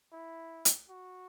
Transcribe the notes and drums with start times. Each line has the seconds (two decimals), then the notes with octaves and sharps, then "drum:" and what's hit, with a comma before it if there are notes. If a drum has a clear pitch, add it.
0.12 E4
0.65 drum: hi-hat
0.89 F#4